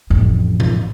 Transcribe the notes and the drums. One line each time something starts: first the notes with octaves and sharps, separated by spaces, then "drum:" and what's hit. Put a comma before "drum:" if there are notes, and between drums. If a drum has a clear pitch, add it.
A1 F2
drum: tom B2